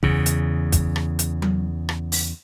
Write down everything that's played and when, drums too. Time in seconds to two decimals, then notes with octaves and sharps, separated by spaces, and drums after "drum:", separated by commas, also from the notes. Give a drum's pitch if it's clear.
0.03 E2 C#3, drum: kick
0.26 drum: hi-hat
0.72 drum: kick, hi-hat
0.96 drum: rim click
1.19 drum: hi-hat
1.42 drum: tom F#3
1.89 drum: rim click
2.12 drum: open hi-hat